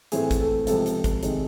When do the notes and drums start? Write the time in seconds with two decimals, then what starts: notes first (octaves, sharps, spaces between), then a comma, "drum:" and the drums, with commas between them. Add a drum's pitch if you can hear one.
0.12 A2 E3 A3 C4 G#4, drum: hi-hat
0.31 drum: kick G#1, hi-hat
0.41 A4
0.67 C#2 C3 F3 A4, drum: hi-hat
0.86 drum: hi-hat
1.04 drum: kick G#1, hi-hat
1.23 C3 D#3 G#3 C4, drum: hi-hat